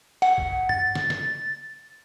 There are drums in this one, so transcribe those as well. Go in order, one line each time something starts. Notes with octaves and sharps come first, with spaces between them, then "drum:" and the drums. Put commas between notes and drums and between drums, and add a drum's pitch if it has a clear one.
F#5, drum: cymbal
drum: kick A#1
A6, drum: tom G2
drum: snare
drum: snare